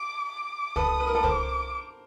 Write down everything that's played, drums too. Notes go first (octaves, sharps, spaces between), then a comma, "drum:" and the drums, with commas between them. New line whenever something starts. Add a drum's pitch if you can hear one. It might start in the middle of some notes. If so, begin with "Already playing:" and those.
Already playing: D6
D6
A4 B4 D#6, drum: kick
B4
A#4
A4 B4
A#4 C5 D6, drum: kick